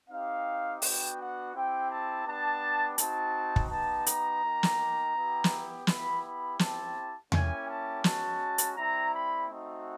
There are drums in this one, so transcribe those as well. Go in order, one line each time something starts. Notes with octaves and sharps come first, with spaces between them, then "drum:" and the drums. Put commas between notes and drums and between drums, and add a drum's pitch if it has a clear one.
C4 D#4 G4 F5
B3 D4 F#4 G5, drum: open hi-hat
F#5
C4 E4 G4 G5
A5
B3 D4 G4 A5
C4 D#4 F#4 A5, drum: hi-hat
drum: kick
B3 D#4 G4 A5
A#5, drum: hi-hat
A#3 D#4 G4
drum: snare
B3 E4 G4
drum: snare
B3 E4 G4 B5, drum: snare
B5
C4 E4 G4 A5, drum: snare
A#3 C#4 E4 G4 G#5, drum: tom E2
A5
G#3 C#4 F#4 A5, drum: snare
drum: hi-hat
G3 C4 E4 A#5
B5
A3 C4 D#4 F#4